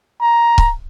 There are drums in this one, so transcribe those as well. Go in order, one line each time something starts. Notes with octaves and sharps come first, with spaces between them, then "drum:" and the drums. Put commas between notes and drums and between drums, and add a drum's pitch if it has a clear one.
A#5
drum: kick C#1